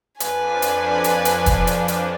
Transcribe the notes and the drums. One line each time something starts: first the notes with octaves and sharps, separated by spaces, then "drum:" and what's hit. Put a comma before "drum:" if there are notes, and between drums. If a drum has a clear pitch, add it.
F2 F3 D4 B4 G#5, drum: hi-hat
drum: hi-hat
drum: hi-hat
drum: hi-hat
drum: kick, hi-hat
drum: hi-hat
drum: hi-hat